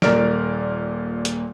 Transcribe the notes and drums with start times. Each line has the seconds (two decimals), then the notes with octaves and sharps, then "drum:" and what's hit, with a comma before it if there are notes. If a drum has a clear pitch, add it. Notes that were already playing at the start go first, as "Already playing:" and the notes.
0.02 D#1 A#2 A#4 D5 F6 D7, drum: snare
1.25 drum: hi-hat